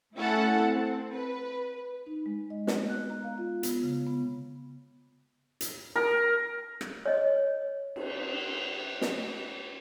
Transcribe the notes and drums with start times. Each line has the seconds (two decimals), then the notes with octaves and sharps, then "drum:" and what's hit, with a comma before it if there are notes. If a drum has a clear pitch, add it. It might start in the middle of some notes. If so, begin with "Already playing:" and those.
0.16 A3 C#4 E4 A4 F#5 A5
0.61 C4
1.11 B4
2.07 D#4
2.26 G#3
2.50 D#5
2.67 B3, drum: snare
2.89 F#6
3.10 A#5
3.24 F5
3.38 F4
3.63 B3, drum: hi-hat
3.83 C#3
4.07 B3
5.61 drum: hi-hat
5.96 A#4
6.81 drum: rim click
7.06 C#5 D#5
7.96 drum: cymbal
9.01 drum: snare